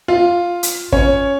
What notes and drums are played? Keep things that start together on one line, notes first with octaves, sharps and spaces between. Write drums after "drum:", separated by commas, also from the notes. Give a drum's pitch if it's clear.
F4 F5
drum: hi-hat
C#4 C#5, drum: kick